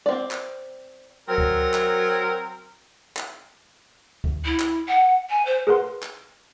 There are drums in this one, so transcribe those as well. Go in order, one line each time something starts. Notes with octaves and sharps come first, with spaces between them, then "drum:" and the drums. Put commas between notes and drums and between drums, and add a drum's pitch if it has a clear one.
C4 D5
drum: clap
F#3 C4 A#4
drum: kick C#2
drum: clap
drum: clap
drum: kick C#2
E4
drum: clap
F#5
G#5
C5
G#4 A#4 B4 F#5 C6
drum: clap